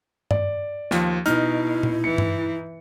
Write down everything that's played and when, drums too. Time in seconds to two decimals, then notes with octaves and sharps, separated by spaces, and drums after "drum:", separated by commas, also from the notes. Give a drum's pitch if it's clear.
0.31 D5, drum: tom G2
0.91 D#2 F3, drum: snare
1.26 B2 D#4 E4 F6, drum: hi-hat
1.83 drum: tom A#2
2.04 E3 C#7
2.18 drum: tom G2